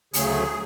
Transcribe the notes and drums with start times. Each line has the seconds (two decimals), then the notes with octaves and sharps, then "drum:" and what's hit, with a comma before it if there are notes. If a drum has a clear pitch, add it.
0.14 D2 C#3 F#3 A3 G#4, drum: hi-hat